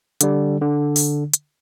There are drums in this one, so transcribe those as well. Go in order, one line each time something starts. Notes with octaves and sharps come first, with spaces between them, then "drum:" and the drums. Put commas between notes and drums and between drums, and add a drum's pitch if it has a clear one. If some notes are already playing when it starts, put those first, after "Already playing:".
D3 G3, drum: hi-hat
D3
drum: open hi-hat
drum: hi-hat